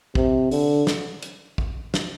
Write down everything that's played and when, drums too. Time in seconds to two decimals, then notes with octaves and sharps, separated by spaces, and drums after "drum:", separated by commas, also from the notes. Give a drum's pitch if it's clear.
0.15 C3, drum: kick
0.51 D3, drum: open hi-hat
0.87 drum: snare
1.23 drum: hi-hat
1.58 drum: kick
1.94 drum: snare